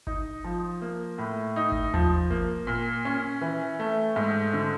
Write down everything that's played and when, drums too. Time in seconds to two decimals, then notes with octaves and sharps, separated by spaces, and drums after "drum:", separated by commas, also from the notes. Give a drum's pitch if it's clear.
0.07 D#4, drum: kick G1
0.44 F3
0.82 A#3
1.18 A2
1.56 D#4
1.72 drum: kick G1
1.94 F3, drum: tom D#2
2.30 A#3, drum: kick G1
2.67 A#2
3.05 C#4
3.41 E3
3.80 A3
4.16 G#2
4.54 D3